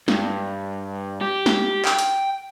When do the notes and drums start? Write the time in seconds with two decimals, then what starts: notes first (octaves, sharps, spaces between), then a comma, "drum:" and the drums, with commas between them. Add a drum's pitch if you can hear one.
0.08 G2, drum: snare
1.21 G4
1.46 drum: snare
1.85 G5, drum: clap
1.99 drum: hi-hat